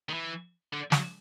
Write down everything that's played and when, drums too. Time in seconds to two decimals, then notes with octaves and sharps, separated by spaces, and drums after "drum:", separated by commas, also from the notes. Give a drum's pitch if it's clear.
0.09 D#3
0.14 E3
0.73 D3
0.92 F#3, drum: snare